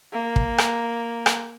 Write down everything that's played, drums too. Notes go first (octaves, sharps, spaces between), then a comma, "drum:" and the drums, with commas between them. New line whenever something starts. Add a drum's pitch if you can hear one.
A#3
drum: kick
drum: rim click
drum: rim click